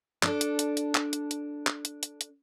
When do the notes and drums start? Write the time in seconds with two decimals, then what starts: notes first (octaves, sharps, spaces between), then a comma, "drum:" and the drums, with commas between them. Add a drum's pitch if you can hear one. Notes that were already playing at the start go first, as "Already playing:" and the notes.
0.23 D4 A4, drum: clap
0.41 drum: hi-hat
0.59 drum: hi-hat
0.77 drum: hi-hat
0.95 drum: clap
1.13 drum: hi-hat
1.31 drum: hi-hat
1.67 drum: clap
1.85 drum: hi-hat
2.03 drum: hi-hat
2.21 drum: hi-hat